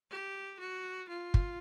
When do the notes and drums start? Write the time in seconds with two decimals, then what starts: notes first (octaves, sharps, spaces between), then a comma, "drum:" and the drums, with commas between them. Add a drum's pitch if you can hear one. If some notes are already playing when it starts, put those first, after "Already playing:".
0.11 G4
0.60 F#4
1.09 F4
1.34 drum: kick